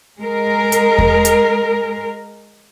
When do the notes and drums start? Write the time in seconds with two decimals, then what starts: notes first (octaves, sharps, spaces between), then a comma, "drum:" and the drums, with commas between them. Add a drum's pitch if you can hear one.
0.19 G#3 A#4
0.72 drum: hi-hat
0.98 drum: kick E2
1.25 drum: hi-hat